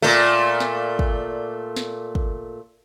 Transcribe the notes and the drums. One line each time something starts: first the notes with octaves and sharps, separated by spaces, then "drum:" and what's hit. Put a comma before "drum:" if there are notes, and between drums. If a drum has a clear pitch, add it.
A#2 A3
drum: snare
drum: kick
drum: snare
drum: kick